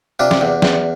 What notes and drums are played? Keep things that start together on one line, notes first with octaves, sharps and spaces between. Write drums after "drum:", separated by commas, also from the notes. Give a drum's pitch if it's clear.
C3 D4 F4
drum: snare
E2
E2, drum: snare